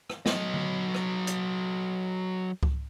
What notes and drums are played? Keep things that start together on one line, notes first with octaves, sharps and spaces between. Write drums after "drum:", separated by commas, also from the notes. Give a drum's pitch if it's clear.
drum: rim click
F#3 D#5, drum: snare
drum: tom D3
drum: rim click
drum: hi-hat
drum: kick C#2